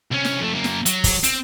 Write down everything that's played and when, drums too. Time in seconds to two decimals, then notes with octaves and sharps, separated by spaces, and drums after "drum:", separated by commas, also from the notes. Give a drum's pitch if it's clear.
0.12 C2 C#4
0.25 drum: snare
0.41 F2 A3
0.54 F#2 A#3
0.64 drum: snare
0.86 F#3, drum: hi-hat
1.04 drum: kick, open hi-hat
1.24 C4, drum: hi-hat